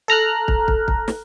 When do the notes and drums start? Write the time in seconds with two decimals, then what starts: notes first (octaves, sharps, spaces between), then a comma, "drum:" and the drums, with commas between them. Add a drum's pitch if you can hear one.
0.08 A4 A#5 F6 F#6
0.48 drum: kick
0.68 drum: kick
0.88 drum: kick
1.08 drum: snare